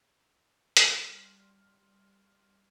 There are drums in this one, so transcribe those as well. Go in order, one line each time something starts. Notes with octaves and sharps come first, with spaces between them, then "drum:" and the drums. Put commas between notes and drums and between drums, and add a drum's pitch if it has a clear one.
G3 C6 F6, drum: hi-hat